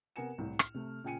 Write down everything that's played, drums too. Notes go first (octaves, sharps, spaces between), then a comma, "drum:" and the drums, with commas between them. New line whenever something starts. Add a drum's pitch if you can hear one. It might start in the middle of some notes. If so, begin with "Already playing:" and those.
C3 B3 A#4 G#5 C#7 E7
C2 A2
F6, drum: rim click
C3 A3
A#2 C#3 G5 G#5 C#7 D#7